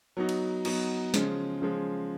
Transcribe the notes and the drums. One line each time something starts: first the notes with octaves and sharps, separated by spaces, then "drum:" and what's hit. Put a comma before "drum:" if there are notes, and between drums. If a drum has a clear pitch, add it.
F#3 B3 D#4 F#4
drum: cymbal
F#3 B3 D#4 F#4, drum: cymbal
C#3 F3 G#3, drum: snare
C#3 F3 G#3